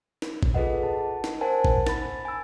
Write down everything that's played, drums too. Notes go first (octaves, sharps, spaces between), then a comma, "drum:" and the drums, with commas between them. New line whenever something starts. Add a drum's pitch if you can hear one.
drum: snare
drum: kick G#1
F4 G#4 A4 B4 D#5 F#5
A5
drum: snare
A#4 C5 F#5 G#5 A5
drum: kick G#1
B5 A6, drum: snare
G#5 E6